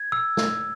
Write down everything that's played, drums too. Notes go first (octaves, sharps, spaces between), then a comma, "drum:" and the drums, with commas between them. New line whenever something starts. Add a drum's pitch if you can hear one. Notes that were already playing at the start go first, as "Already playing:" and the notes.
Already playing: G#6
E6
drum: snare